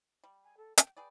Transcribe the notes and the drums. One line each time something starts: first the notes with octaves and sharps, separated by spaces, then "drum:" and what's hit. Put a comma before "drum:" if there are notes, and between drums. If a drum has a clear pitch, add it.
G3
G#5
A4
G5, drum: hi-hat
G#4 B4 D5 G5